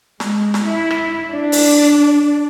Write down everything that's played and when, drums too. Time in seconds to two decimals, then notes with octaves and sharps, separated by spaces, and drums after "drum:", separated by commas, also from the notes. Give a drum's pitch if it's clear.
0.20 G#3, drum: snare
0.54 drum: snare
0.66 E4
0.91 drum: rim click
1.31 D4
1.52 drum: open hi-hat